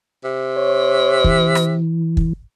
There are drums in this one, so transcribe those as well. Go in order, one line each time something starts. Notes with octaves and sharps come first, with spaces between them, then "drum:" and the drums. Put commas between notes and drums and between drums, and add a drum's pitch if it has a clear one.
C3
C#5
E3, drum: kick
drum: rim click
drum: kick